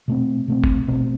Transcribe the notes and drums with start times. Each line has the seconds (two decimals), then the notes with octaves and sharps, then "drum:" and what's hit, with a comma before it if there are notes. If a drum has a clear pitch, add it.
0.08 B2 A3 C4
0.48 B2 A3 C4
0.64 drum: kick F#1
0.88 B2 A3 C4